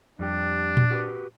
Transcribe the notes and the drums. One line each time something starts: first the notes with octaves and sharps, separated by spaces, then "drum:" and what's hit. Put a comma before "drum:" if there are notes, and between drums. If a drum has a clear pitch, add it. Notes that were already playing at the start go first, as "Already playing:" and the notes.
F2 G3 D4 G4
drum: tom A#2
F#4 G4 B4